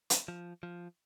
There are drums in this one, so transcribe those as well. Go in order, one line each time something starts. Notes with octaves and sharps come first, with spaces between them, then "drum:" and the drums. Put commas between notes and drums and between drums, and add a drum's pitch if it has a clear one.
drum: hi-hat
F3
F3